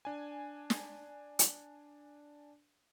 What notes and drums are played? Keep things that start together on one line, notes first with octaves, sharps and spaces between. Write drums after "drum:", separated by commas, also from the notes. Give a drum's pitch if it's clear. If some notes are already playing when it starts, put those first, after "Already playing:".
D4 G#5
drum: snare
drum: hi-hat